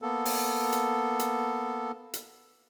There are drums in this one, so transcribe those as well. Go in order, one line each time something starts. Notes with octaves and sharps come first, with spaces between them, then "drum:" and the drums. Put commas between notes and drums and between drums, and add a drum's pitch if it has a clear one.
A#3 B3 A4
drum: open hi-hat
drum: hi-hat
drum: hi-hat
drum: hi-hat